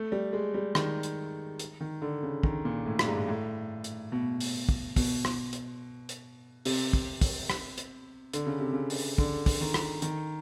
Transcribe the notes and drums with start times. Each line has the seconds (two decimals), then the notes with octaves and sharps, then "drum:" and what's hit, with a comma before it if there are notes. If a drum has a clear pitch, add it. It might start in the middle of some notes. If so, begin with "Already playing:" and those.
Already playing: A3
0.12 G3
0.33 G#3
0.54 G3
0.75 D#3, drum: rim click
1.03 drum: hi-hat
1.60 drum: hi-hat
1.80 D#3
2.02 D3
2.23 C#3
2.43 D#3, drum: kick
2.65 A#2
2.86 A2
2.99 G2, drum: rim click
3.07 G#2
3.28 A2
3.84 drum: hi-hat
4.12 B2
4.40 drum: open hi-hat
4.69 drum: kick
4.96 B2, drum: kick, open hi-hat
5.25 drum: rim click
5.53 drum: hi-hat
6.09 drum: hi-hat
6.65 C3, drum: open hi-hat
6.93 drum: kick
7.21 drum: kick, open hi-hat
7.50 drum: rim click
7.78 drum: hi-hat
8.34 D3, drum: hi-hat
8.46 C#3
8.60 C3
8.73 C#3
8.90 drum: open hi-hat
9.18 D3, drum: kick
9.46 drum: kick, open hi-hat
9.61 D#3
9.74 drum: rim click
10.02 D#3, drum: hi-hat